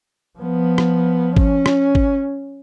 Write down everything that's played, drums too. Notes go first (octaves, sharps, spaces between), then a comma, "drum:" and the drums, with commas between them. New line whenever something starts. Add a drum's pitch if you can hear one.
F3 B3
drum: rim click
C#4, drum: kick
drum: rim click
drum: kick